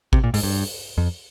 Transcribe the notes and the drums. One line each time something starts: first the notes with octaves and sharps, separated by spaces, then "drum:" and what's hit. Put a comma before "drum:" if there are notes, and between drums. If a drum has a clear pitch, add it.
C3, drum: kick A1
A#2
G#2, drum: open hi-hat
G2
F2